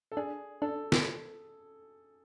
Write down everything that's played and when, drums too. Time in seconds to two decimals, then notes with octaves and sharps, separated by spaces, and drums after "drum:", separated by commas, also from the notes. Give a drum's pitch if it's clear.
0.12 A4
0.17 D4 G#4
0.62 D4 A4
0.92 drum: snare